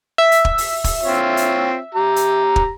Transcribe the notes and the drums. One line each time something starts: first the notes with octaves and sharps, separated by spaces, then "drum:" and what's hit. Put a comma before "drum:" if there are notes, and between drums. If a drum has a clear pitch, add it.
E5
drum: hi-hat
drum: kick
drum: open hi-hat
drum: kick, open hi-hat
C4 F4 C#5
drum: hi-hat
G4 A#5
drum: hi-hat
drum: kick